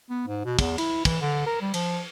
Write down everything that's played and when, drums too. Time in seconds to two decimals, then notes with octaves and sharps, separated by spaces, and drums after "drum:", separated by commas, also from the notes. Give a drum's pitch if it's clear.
0.10 B3
0.27 G#2
0.45 B2
0.59 E2, drum: kick, cymbal
0.78 E4, drum: cymbal
1.05 E3, drum: kick, cymbal
1.21 D3
1.46 A#4
1.61 G3
1.74 F3, drum: cymbal